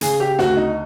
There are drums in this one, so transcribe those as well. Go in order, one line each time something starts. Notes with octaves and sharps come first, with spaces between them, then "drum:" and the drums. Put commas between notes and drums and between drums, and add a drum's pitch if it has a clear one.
C#3 G#4, drum: hi-hat
G4
D2 F#4, drum: snare
D#4